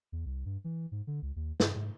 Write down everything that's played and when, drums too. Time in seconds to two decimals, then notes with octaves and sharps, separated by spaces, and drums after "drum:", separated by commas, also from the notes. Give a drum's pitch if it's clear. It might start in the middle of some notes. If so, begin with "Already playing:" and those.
0.12 E2
0.26 C2
0.46 G2
0.64 E3
0.92 G#2
1.07 D3
1.22 C#2
1.36 D#2
1.60 G2, drum: snare
1.76 G#2